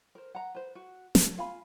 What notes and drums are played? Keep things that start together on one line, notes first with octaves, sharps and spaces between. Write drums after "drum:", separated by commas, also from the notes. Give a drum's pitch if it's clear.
A#4 C5
F#5 A#5
B4 C5
F#4
A4, drum: snare
F4 F5 G#5 B5